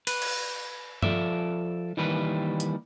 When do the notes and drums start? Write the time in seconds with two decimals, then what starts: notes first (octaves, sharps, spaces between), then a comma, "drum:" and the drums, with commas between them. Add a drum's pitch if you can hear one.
0.07 B4, drum: cymbal
0.22 drum: cymbal
1.02 F3 A4 D5 E5, drum: tom G2
1.97 D#3 E3 G3 A#3 G4 B4
2.60 drum: hi-hat